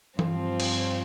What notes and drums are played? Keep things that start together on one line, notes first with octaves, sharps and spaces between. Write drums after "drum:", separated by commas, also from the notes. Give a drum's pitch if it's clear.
G2 F3 C4 F4, drum: tom E3
drum: cymbal